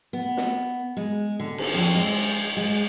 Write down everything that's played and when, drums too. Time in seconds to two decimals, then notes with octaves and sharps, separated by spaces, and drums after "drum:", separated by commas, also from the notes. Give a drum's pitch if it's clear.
0.13 B3
0.37 drum: snare
0.97 G#3
1.40 D3
1.58 drum: cymbal
1.74 F2
1.95 G#3
2.57 G#3